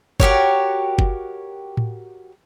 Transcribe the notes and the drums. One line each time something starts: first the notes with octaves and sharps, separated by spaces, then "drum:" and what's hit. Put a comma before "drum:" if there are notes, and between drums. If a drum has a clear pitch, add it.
F#4 G4 A#4 C#5, drum: kick
drum: kick
drum: tom A2